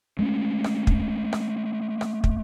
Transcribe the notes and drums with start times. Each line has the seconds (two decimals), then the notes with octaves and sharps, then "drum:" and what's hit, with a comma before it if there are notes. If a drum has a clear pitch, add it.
0.19 G#3 A3 C4 C#4
0.64 drum: rim click
0.87 drum: kick
1.33 drum: rim click
2.01 drum: rim click
2.24 drum: kick